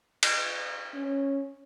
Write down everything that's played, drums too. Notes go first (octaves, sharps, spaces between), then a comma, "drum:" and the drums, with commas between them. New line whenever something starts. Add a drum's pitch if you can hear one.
drum: cymbal
C#4